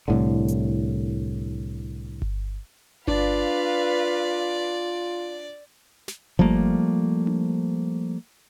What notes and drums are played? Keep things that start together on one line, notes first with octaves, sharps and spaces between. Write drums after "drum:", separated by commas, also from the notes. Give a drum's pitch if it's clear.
C2 A2 D3
drum: hi-hat
drum: kick G1
D4 F4 B4 D5 F5, drum: kick G1
drum: snare
F3 G3 A3 A#3, drum: kick G1
drum: tom D4